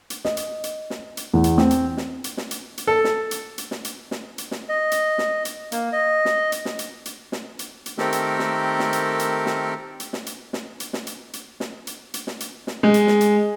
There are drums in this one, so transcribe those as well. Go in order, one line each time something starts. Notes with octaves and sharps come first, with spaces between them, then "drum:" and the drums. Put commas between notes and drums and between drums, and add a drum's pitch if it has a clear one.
drum: hi-hat
D#5, drum: snare
drum: hi-hat
drum: hi-hat
drum: snare
drum: hi-hat
E2
drum: hi-hat
C4, drum: snare
drum: hi-hat
drum: snare
drum: hi-hat
drum: snare
drum: hi-hat
drum: hi-hat
A4
drum: snare
drum: hi-hat
drum: hi-hat
drum: snare
drum: hi-hat
drum: snare
drum: hi-hat
drum: snare
D#5
drum: hi-hat
drum: snare
drum: hi-hat
A#3, drum: hi-hat
D#5
drum: snare
drum: hi-hat
drum: snare
drum: hi-hat
drum: hi-hat
drum: snare
drum: hi-hat
drum: hi-hat
D#3 A3 C4 G4 A4 A#4, drum: snare
drum: hi-hat
drum: snare
drum: snare
drum: hi-hat
drum: hi-hat
drum: snare
drum: hi-hat
drum: snare
drum: hi-hat
drum: snare
drum: hi-hat
drum: snare
drum: hi-hat
drum: hi-hat
drum: snare
drum: hi-hat
drum: hi-hat
drum: snare
drum: hi-hat
drum: snare
G#3
drum: hi-hat
drum: snare
drum: hi-hat